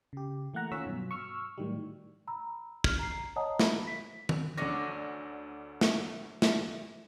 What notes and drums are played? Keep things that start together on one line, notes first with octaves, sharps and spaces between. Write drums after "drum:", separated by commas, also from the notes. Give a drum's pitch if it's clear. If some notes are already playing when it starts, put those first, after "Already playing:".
C#3 G4
E3 A3 A#3 F#5 A#5
D#3 C#4 F4 C#5 E6 B6
G2 B2 F#3
C#6 E6 F6
A2 D#3 F#3 G3
A#5 B5 E6
F6, drum: kick
A#5 C7
C#5 D#5 F#5 A5 A#5 D#6
B5, drum: snare
B6
drum: tom D#3
D2 D3 C#4 D4 A#6
drum: snare
drum: snare